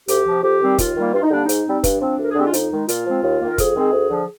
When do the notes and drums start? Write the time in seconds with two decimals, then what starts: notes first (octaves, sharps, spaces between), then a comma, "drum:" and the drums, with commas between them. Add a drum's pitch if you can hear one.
0.08 D2 G4, drum: hi-hat
0.27 C3 F3
0.43 F2 G4
0.61 D#3 G3 C4
0.78 D#2 F4, drum: kick, hi-hat
0.96 D#3 G3 A#3
1.14 G2 F4
1.23 D#4
1.31 D3 G3 A#3 D4
1.42 D#4
1.49 G#2, drum: hi-hat
1.67 G3 C4
1.84 G2 D4, drum: kick, hi-hat
2.01 F3 C4
2.18 D2 A#4
2.31 G#4
2.36 D3 G#3 C4 G4
2.46 F4
2.53 F2 D#4, drum: hi-hat
2.72 D#3 G#3
2.88 A#2 F4, drum: hi-hat
3.06 F3 G#3 C4
3.24 D#2
3.40 D#3 A#3
3.50 A#4
3.58 F2 G#4, drum: kick, hi-hat
3.76 D#3 G#3 C4
3.93 D2
4.10 D3 F3